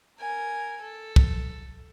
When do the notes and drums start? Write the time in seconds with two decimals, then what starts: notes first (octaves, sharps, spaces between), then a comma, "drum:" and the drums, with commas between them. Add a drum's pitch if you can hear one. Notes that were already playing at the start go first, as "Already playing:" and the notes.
0.19 A#4 G#5
0.81 A4
1.16 drum: kick